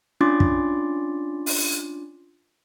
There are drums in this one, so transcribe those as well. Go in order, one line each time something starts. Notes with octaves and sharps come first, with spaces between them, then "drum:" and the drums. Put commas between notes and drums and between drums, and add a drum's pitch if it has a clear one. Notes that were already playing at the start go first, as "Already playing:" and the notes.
C#4 D4 F4 C6 D6 A6
drum: kick
drum: open hi-hat